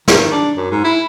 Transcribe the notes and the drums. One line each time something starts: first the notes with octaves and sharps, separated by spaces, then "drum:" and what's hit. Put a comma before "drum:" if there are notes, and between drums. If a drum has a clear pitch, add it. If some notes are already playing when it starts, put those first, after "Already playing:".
D#3, drum: snare
D4
F#2
G#2
E4